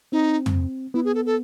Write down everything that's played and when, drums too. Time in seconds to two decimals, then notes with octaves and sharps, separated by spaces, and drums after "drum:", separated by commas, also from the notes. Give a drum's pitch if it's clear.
0.12 C4 D#4
0.46 drum: tom
0.94 B3 E4
1.05 G#4
1.15 A4
1.26 A4